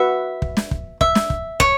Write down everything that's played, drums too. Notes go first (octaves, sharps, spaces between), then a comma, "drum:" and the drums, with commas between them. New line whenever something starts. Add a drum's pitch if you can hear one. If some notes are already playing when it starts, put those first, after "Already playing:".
Already playing: F#4 B4 E5 F#5
drum: kick
drum: snare
drum: kick
E5, drum: kick
drum: snare
drum: kick
C#5, drum: kick